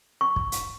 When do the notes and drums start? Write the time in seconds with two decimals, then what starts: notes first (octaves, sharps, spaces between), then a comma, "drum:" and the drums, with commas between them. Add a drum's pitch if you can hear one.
0.21 C#6
0.36 drum: kick
0.52 drum: hi-hat